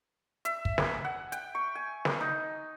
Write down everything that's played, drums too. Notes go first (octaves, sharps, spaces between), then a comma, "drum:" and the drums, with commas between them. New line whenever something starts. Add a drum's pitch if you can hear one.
E5, drum: hi-hat
drum: kick
G#5, drum: snare
F#5
G5, drum: hi-hat
C#6
G#5
drum: snare
D#4